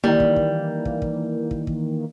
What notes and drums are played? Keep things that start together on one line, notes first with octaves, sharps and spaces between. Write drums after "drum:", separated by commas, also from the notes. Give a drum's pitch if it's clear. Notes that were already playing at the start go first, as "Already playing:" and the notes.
D#3 E3 G3 A#3
drum: kick
drum: kick
drum: kick
drum: kick
drum: kick
drum: kick